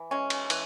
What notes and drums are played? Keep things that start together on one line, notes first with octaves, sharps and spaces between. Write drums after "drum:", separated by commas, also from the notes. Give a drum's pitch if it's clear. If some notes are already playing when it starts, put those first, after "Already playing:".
Already playing: E3
G#3 C#4
drum: cymbal
E3, drum: cymbal